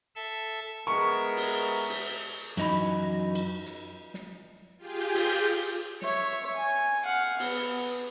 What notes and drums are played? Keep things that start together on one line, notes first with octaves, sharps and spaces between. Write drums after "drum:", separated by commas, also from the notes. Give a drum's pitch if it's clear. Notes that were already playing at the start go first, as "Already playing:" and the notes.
A4 E5 A5
G#3 B3 A#4 E5 C#6
drum: open hi-hat
drum: open hi-hat
F#2 E3 D#4 F#4 B5, drum: cymbal
drum: cymbal
drum: hi-hat
drum: snare
F4 G4 G#4 G6
drum: open hi-hat
C#5 E5, drum: snare
G#5
F5 F#5
B3, drum: open hi-hat
drum: hi-hat